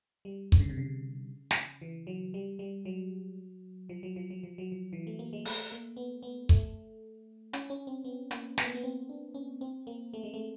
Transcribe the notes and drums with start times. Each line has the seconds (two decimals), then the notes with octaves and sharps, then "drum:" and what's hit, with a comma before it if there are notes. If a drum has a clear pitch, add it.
0.25 G3
0.52 D3, drum: kick
0.60 C#3
0.69 C3
0.78 C#3
1.51 drum: snare
1.82 E3
2.07 F#3
2.34 G3
2.59 G3
2.85 F#3
3.89 F3
4.03 F#3
4.16 F3
4.30 F#3
4.43 F3
4.58 F#3
4.72 F3
4.93 E3
5.07 A3
5.19 A#3
5.33 G#3
5.45 A3, drum: open hi-hat
5.72 A#3
5.97 B3
6.23 B3
6.49 A3, drum: kick
7.53 C#4, drum: hi-hat
7.70 C#4
7.87 C4
8.04 B3
8.31 A#3, drum: hi-hat
8.58 B3, drum: snare
8.66 A#3
8.74 B3
8.84 C4
9.09 D4
9.34 C#4
9.61 C4
9.87 A#3
10.13 A3
10.24 G#3
10.34 A3